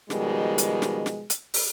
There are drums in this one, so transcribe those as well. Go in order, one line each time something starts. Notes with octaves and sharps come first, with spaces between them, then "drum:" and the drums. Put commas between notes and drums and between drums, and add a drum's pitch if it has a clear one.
B2 D#3 F3 G3 G#3, drum: snare
drum: hi-hat
drum: snare
drum: snare
drum: hi-hat
drum: open hi-hat